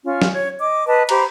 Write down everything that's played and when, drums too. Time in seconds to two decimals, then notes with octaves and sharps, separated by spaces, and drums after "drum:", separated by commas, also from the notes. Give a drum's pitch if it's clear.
0.04 C#4 F4
0.22 drum: snare
0.32 C#5
0.58 D#5 D6
0.87 B4 D#5 A5
1.09 G4 C5 A#5 B5, drum: cymbal